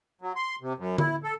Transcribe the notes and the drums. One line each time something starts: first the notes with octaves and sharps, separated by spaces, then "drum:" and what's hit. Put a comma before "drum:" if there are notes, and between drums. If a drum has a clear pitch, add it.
F#3
C6
C3
F#2
E4, drum: tom D3
A4